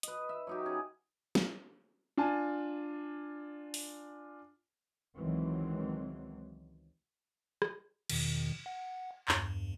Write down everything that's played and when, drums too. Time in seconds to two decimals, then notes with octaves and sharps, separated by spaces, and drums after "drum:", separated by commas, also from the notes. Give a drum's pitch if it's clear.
0.03 B4 D#5, drum: hi-hat
0.29 E5
0.47 F#3 D#4 G4
0.66 C#4 G#4
1.35 drum: snare
2.17 D4 F4 G#5 A5
3.74 drum: open hi-hat
5.18 C#2 D#3 E3 F#3 G#3 C4
7.62 drum: rim click
8.10 E2 B2 D#3, drum: cymbal
8.66 F#5
9.28 E2 G2, drum: clap